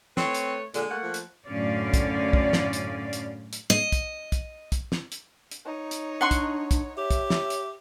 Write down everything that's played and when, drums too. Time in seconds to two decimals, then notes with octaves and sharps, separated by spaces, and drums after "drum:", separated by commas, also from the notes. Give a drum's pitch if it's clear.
0.17 A3 C4 B4 C#5, drum: snare
0.35 drum: hi-hat
0.74 A#2 D3 G#3, drum: hi-hat
0.90 A3 A#3 F#5
1.03 F3
1.14 drum: hi-hat
1.47 F#2 A2 D3 C#4 D5 F5
1.94 drum: kick, hi-hat
2.33 drum: kick
2.53 drum: snare
2.73 drum: hi-hat
3.13 drum: hi-hat
3.53 drum: hi-hat
3.70 D#5
3.92 drum: kick, hi-hat
4.32 drum: kick, hi-hat
4.72 drum: kick, hi-hat
4.92 drum: snare
5.12 drum: hi-hat
5.51 drum: hi-hat
5.65 D#4 C#5
5.91 drum: hi-hat
6.21 D4 F#5 C6 C#6
6.31 drum: kick, hi-hat
6.71 drum: kick, hi-hat
6.97 G4 C#5 E5
7.11 drum: kick, hi-hat
7.30 drum: snare
7.50 drum: hi-hat